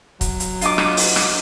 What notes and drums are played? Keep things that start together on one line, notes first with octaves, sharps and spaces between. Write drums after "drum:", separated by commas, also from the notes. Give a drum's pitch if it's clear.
F#3, drum: kick, hi-hat
drum: hi-hat
D4 F4 D#5 D6, drum: hi-hat
drum: rim click
drum: open hi-hat
drum: rim click